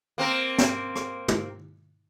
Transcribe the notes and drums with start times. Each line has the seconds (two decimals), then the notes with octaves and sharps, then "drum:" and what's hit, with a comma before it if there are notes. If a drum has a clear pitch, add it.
0.18 A#3 C4 A#4
0.58 drum: snare
0.96 drum: rim click
1.28 drum: tom